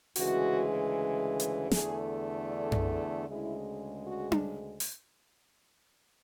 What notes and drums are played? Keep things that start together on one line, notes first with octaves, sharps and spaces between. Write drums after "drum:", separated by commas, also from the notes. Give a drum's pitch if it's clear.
D2 C#3 E3 G#3 F#4, drum: open hi-hat
drum: hi-hat
E2 D3 A3 G#4, drum: snare
D4
drum: tom F#2
D2 C#3 G#3 E4
F#4
drum: tom D4
drum: open hi-hat